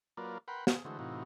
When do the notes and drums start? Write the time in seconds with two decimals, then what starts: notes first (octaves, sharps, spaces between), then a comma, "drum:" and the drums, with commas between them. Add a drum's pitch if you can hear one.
0.17 F#3 A#3 F4 A#4 B4 D5
0.48 A#4 B4 F#5 G5 B5 C6
0.67 G#4, drum: snare
0.85 D3 E3 G#3 A3 F#4 C5
0.99 A2 C3 E3 D#4 F4 F#4